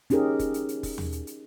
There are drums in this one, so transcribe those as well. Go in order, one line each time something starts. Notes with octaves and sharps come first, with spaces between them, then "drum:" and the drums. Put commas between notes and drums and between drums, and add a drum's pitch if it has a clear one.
C#4 D#4 G4 G#4 A#4, drum: hi-hat
drum: kick F1, hi-hat
drum: hi-hat
drum: hi-hat
drum: kick F1, open hi-hat
drum: tom
drum: hi-hat
drum: hi-hat